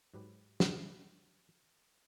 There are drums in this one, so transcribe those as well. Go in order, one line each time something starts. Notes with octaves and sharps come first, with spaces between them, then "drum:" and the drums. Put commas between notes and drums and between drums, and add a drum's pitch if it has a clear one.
G#2 F#3 G4 B4
drum: snare